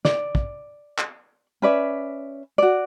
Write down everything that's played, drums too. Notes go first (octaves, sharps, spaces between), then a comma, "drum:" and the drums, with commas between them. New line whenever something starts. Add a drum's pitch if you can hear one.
D5, drum: snare
drum: kick
drum: clap
C#4 B4 D5 E5
F#4 D5